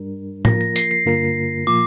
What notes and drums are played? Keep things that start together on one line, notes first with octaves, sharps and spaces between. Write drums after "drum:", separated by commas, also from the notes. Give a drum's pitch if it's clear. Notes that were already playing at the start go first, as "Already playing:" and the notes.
Already playing: G2 G3 D4 A#4
F3 A#3 F4 A#4 A#6, drum: tom
A#6
C7, drum: hi-hat
C7
G2 D3 A#3 F4 A#4
A#2 F3 A#3 F4 D6